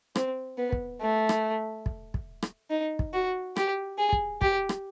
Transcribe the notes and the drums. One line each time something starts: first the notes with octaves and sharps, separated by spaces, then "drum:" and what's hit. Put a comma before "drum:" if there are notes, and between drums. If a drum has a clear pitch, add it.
C4, drum: rim click
B3
drum: kick
A3
drum: rim click
drum: kick
drum: kick
drum: rim click
D#4
drum: kick
F#4
G4, drum: rim click
G#4
drum: kick
G4, drum: kick
drum: rim click